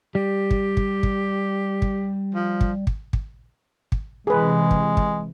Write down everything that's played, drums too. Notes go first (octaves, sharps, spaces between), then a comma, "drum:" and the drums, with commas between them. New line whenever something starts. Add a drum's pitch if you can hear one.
G3 G4
drum: kick
drum: kick
drum: kick
drum: kick
F3
drum: kick
drum: kick
drum: kick
drum: kick
C3 E3 G#3 G#4 B4
drum: kick
drum: kick